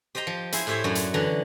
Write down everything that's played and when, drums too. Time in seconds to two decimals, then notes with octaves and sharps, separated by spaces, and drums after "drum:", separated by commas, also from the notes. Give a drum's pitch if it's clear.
0.15 G4 C5 D#5 G5 A#5
0.27 F3
0.52 E4 G#4 C5, drum: hi-hat
0.67 A2 E4 G4 C5 C#5 E5
0.84 F#2 D4 F#4 C#5 A#5
0.95 drum: hi-hat
1.14 D3 E3 F#3 D4 A#5